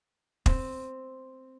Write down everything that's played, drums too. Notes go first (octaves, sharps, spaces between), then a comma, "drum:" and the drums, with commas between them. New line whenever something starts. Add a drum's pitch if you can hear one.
C4, drum: kick